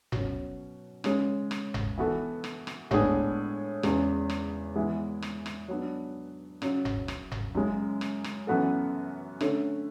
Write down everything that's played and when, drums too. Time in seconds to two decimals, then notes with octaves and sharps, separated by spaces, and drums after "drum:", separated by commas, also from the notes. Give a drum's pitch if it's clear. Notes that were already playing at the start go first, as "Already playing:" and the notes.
0.12 B2 F#3 C#4, drum: tom F#1
1.04 C#3 G#3 C#4, drum: rim click
1.51 drum: rim click
1.74 drum: tom F#1
1.98 E3 B3 F#4 A4
2.44 drum: rim click
2.67 drum: rim click
2.91 A2 G#3 B3 D4 G#4, drum: tom F#1
3.83 E2 C#3 G#3, drum: rim click
4.30 drum: rim click
4.76 E3 G#3 B3 E4
5.22 drum: rim click
5.46 drum: rim click
5.68 F#3 B3 D4
6.62 F#2 C#3 F#3, drum: rim click
6.85 drum: tom F#1
7.08 drum: rim click
7.31 drum: tom F#1
7.55 F#2 C#3 G#3
8.01 drum: rim click
8.24 drum: rim click
8.47 F#2 E3 B3 F#4 A4
9.41 D3 A3 C#4, drum: rim click